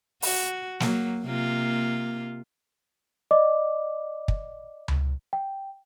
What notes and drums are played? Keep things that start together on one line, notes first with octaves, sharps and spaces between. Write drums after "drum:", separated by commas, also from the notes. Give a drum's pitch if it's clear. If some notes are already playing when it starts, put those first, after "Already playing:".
F#4, drum: open hi-hat
F#3 A#3, drum: snare
C3 A#3 F4
D5 D#5 D6
drum: kick
drum: tom C#2
G5